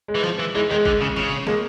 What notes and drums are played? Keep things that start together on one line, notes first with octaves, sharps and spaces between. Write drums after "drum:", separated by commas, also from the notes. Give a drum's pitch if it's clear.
G#3
E3
F3, drum: snare
E3
E3 G#3
D#3 G#3
D3, drum: kick G#1
C#3
C#3, drum: snare
G#3 A#3, drum: snare